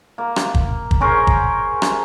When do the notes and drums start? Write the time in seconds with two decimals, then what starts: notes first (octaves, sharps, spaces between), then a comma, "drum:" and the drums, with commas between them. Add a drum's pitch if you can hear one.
0.18 A#3
0.36 drum: rim click
0.54 drum: kick
0.91 drum: kick
1.01 C#4 G#4 A#4 C5
1.27 drum: kick
1.82 drum: rim click